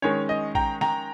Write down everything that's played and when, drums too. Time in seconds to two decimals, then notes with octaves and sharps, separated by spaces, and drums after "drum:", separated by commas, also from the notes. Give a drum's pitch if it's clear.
0.02 D#3 G#3 C#4 C#5
0.29 D#5
0.55 G5 A#5, drum: kick
0.81 G5 A#5, drum: snare